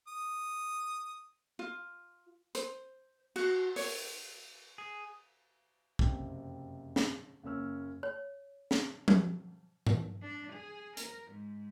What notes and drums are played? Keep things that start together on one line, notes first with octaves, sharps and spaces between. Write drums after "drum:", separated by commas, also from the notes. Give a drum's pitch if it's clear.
D#6
F4
C5, drum: hi-hat
F#4, drum: cymbal
C#5, drum: open hi-hat
G#4
F#1 F2 C3, drum: kick B1
drum: snare
F#1 A#3 C#4 E6 F6
C#5
drum: snare
drum: tom F3
drum: tom G2
D4
G#4
A#4, drum: hi-hat
G#2